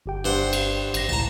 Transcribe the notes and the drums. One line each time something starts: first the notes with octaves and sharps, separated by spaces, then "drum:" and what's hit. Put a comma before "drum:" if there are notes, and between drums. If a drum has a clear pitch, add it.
G1 G4 G5
G2 C5 F#5
drum: cymbal
G#1 A#6, drum: cymbal
C#2 A2 A5 A#5